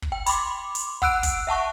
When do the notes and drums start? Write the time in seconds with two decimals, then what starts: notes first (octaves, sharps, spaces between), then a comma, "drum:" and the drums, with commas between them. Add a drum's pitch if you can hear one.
0.02 drum: kick
0.12 G5
0.26 B5 C6 D6, drum: hi-hat
0.75 drum: hi-hat
1.02 F#5 E6 F#6 D7, drum: kick
1.23 drum: kick, hi-hat
1.47 E5 F#5 A5 C#6